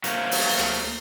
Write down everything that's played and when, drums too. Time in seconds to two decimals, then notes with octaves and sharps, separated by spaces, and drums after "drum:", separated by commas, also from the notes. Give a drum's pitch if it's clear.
0.04 F#3 A3 A#3 A#4 C5 C#5, drum: hi-hat
0.31 drum: open hi-hat
0.59 drum: rim click